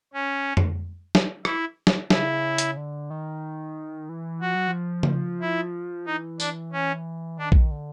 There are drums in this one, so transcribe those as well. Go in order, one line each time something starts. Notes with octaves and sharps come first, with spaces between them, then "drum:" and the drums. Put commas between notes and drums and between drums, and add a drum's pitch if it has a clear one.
C#4
drum: tom F2
drum: snare
E4, drum: rim click
drum: snare
C#3 E4, drum: snare
drum: hi-hat
D3
D#3
E3
F3 F#4
F#3
F3
drum: tom C#3
E4
E3 D#4
D4, drum: tambourine
C#4
D#3 D4
drum: kick A#1
D3